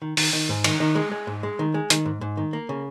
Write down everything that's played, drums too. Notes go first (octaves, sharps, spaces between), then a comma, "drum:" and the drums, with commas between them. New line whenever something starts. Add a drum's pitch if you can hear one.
D#3
D#3, drum: open hi-hat
D#3
G#2
D#3, drum: cymbal
D#3
G#3
G#3
G#2
G#3
D#3
G#3
D#3, drum: hi-hat
G#2
G#2
D#3
A#3
C#3